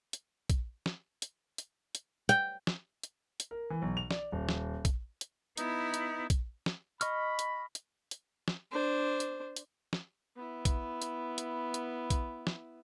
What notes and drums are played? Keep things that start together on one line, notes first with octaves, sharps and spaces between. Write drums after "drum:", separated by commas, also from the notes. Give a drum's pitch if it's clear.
drum: hi-hat
drum: kick A#1, hi-hat
drum: snare
drum: hi-hat
drum: hi-hat
drum: hi-hat
G5, drum: hi-hat
drum: snare
drum: hi-hat
drum: hi-hat
A#4
E3
B1
F7
D5, drum: snare
D#1
drum: snare
drum: kick A#1, hi-hat
drum: hi-hat
B3 D#4 E4, drum: hi-hat
drum: hi-hat
drum: kick A#1, hi-hat
drum: snare
D#5 B5 C#6 F6, drum: hi-hat
drum: hi-hat
drum: hi-hat
drum: hi-hat
drum: snare
D4 C5
drum: hi-hat
drum: hi-hat
drum: snare
B3 E4
drum: kick A#1, hi-hat
drum: hi-hat
drum: hi-hat
drum: hi-hat
drum: kick A#1, hi-hat
drum: snare